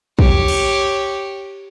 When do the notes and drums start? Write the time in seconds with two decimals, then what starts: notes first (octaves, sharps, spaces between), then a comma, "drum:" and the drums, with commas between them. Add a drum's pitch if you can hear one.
0.19 G4 C#5, drum: kick
0.48 drum: cymbal